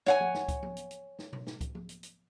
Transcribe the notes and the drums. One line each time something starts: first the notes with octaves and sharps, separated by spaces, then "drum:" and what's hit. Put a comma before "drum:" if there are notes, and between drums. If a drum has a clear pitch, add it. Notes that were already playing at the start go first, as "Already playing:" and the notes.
C#5 F#5 G#5, drum: snare
drum: tom F3
drum: snare
drum: kick C#2, hi-hat
drum: tom F3
drum: hi-hat
drum: hi-hat
drum: snare
drum: tom B2
drum: snare
drum: kick C#2, hi-hat
drum: tom F3
drum: hi-hat
drum: hi-hat